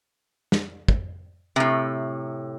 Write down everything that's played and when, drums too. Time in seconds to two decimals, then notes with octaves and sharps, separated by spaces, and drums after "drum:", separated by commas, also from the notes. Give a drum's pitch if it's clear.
0.52 drum: snare
0.88 drum: kick
1.56 A2 C3